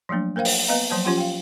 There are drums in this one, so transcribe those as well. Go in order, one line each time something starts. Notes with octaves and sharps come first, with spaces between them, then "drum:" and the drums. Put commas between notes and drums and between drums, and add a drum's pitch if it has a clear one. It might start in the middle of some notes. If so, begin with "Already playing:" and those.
F3 F#3 A3 A#3 D4
A#3 A#4 C5 F5 G5
drum: open hi-hat
A#3 B3 B4 D#5 F5 A#5
F3 F#3 A#3 C5 A5
F3 C#4 F4 G4 F#5 C6
F5 G5